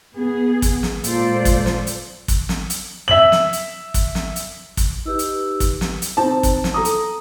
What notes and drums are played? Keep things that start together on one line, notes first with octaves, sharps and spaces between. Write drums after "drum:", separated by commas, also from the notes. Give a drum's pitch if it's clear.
B3 G#4
drum: kick, hi-hat
drum: snare
A#2 G#3 F4 A4 C5 D5, drum: hi-hat
drum: kick, hi-hat
drum: snare
drum: hi-hat
drum: kick, hi-hat
drum: snare
drum: hi-hat
E5 F#7
drum: snare
drum: hi-hat
drum: kick, hi-hat
drum: snare
drum: hi-hat
drum: kick, hi-hat
D#4 G4 B4 E6
drum: hi-hat
drum: kick, hi-hat
drum: snare
drum: hi-hat
C4 D#4 A5
drum: kick, hi-hat
drum: snare
A4 A#5 D#6
drum: hi-hat